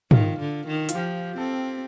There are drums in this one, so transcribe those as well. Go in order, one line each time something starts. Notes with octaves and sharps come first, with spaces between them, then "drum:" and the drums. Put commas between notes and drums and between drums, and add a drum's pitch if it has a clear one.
D#3 F4, drum: tom
D3
D#3
F4, drum: hi-hat
F3 G4
C4 A4